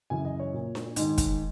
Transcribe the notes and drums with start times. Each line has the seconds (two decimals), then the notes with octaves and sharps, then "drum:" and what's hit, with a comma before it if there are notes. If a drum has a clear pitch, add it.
0.10 F#2 C#3 E3 G#5
0.25 D#5
0.40 C#5
0.53 A#2
0.75 drum: snare D4
0.96 G#2 D#3, drum: hi-hat
1.18 drum: kick, hi-hat